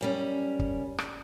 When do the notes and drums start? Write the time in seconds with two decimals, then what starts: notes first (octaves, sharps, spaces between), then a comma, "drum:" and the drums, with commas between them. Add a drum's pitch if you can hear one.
0.01 F#2 G3 C#4
0.59 drum: kick
0.98 drum: rim click